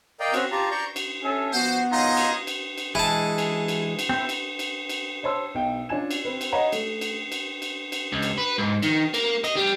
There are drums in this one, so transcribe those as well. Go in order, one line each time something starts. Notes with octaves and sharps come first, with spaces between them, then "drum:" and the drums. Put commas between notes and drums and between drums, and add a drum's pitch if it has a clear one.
A#4 D5 D#5 F5 G5 A#5
C4 C#4 F#4, drum: cymbal
F4 G4 A5 A#5
D5 A#5 C#6 G6
drum: cymbal
C#4 A4 E5
F3 B3 F#4 C5
D#3 F#3 D#4 F4 G#4 D#5
drum: cymbal
drum: cymbal
drum: cymbal
E3 G#3 E4 G#4 A5
drum: cymbal
drum: cymbal
drum: cymbal
C4 E4
drum: cymbal
drum: cymbal
drum: cymbal
C5 C#5 A5 C6 E6
B1 G5
C#4 D4 F4 G#5 G#6 E7
drum: cymbal
C4 B4
drum: cymbal
B4 C#5 D#5 F#5 A#5 B5
A3, drum: cymbal
drum: cymbal
drum: cymbal
drum: cymbal
drum: cymbal
C#2
drum: cymbal
B4
G#2
D#3, drum: cymbal
A#3, drum: cymbal
D#5, drum: cymbal
G3